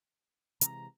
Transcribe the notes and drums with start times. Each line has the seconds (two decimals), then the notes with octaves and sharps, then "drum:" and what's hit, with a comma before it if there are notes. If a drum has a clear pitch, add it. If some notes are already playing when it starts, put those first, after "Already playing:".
0.61 C3 E3 G#3 A#5, drum: hi-hat